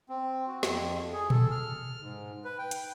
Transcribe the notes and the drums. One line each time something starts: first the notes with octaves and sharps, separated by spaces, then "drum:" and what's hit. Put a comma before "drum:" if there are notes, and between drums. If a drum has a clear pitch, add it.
C4
F#4
F2, drum: snare
G#4
A4, drum: tom A#2
F6
G#2
B4
G5
drum: hi-hat